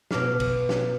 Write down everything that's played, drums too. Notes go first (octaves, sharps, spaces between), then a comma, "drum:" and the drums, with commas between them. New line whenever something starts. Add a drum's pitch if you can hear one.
B2 F#4 D6 F6 C7, drum: snare
drum: kick, cymbal
drum: snare